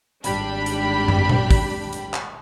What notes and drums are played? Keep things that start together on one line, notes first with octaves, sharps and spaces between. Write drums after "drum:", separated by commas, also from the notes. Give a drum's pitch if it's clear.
G#1 G3 D4 G4 B5, drum: hi-hat
drum: hi-hat
drum: tom
drum: tom A#2
drum: kick, open hi-hat
drum: hi-hat
drum: clap